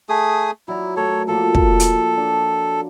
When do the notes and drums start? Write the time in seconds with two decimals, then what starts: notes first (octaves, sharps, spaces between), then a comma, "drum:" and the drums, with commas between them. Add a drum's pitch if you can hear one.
0.09 A3 G#4 D#6
0.68 F#3 E4 D5 A#5
0.96 A3 A4 A#4 C#5
1.28 F3 F#3 A#3 A4
1.55 drum: kick
1.80 drum: hi-hat
2.17 D4